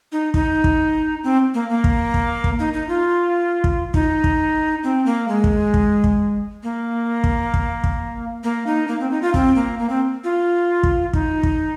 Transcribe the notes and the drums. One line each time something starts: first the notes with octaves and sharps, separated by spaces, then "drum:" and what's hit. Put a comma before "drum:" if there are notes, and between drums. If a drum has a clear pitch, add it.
D#4
D#4, drum: kick
drum: kick
C4
A#3
A#3
drum: kick
drum: kick
drum: kick
D#4
D#4
F4
drum: kick
D#4, drum: kick
drum: kick
C4
A#3
G#3
drum: kick
drum: kick
drum: kick
A#3
drum: kick
drum: kick
drum: kick
A#3
D#4
A#3
C4
D#4
F4
C4, drum: kick
A#3
A#3
C4
F4
drum: kick
D#4, drum: kick
drum: kick